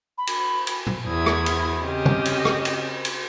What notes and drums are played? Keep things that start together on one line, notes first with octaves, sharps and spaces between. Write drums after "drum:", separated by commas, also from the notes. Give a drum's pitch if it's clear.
B5
drum: cymbal
drum: cymbal
drum: tom A#2
E2 E4 B5 D#6 G#6
drum: rim click
drum: cymbal
C#3 C4 C#4 G4 D#5
drum: tom
drum: cymbal
drum: rim click
drum: cymbal
drum: cymbal